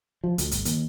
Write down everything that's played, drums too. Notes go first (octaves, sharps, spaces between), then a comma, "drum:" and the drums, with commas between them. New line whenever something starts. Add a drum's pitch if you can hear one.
F3
D2, drum: hi-hat
G1, drum: hi-hat
D#2, drum: hi-hat